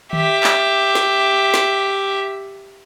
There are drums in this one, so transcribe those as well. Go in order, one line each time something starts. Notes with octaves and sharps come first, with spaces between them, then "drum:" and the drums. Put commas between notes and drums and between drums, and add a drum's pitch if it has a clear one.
G4 E5, drum: tom D#3
drum: clap
drum: snare
drum: snare